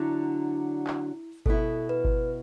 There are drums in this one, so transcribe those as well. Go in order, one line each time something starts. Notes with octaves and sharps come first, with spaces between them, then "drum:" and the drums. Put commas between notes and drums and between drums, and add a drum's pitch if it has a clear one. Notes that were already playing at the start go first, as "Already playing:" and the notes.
Already playing: D3 F#3 D4 E4
drum: clap
B2 B3 E4 A4, drum: kick G1
B4
drum: kick G1